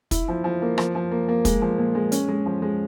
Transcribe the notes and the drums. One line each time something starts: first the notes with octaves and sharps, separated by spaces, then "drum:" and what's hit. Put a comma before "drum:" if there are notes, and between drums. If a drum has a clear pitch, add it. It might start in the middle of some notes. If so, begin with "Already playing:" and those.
E4, drum: kick, hi-hat
F3
F3
A#3
F3, drum: rim click
F3
A#3
A#3
G#3, drum: kick, hi-hat
F3
A#2
G#3
C#4, drum: hi-hat
G#3
F3
G#3